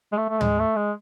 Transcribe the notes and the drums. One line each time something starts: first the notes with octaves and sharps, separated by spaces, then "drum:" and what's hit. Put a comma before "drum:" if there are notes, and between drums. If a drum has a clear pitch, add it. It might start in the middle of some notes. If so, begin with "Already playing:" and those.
G#3
A3
A3
G#3, drum: tom
A3
G#3